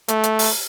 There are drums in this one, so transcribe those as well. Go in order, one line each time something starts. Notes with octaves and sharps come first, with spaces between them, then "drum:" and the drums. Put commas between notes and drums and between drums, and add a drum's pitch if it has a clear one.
A3, drum: hi-hat
drum: hi-hat
drum: open hi-hat